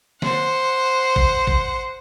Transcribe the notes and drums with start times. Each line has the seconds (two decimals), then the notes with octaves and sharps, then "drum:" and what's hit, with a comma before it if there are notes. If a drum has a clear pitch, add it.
0.22 C5 F#5, drum: snare
1.16 drum: kick
1.47 drum: kick